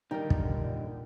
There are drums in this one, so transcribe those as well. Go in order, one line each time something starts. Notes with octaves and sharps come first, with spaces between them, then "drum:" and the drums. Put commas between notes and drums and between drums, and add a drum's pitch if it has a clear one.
A#2 D3 D#3 G3 D#4 A#4 G5
drum: kick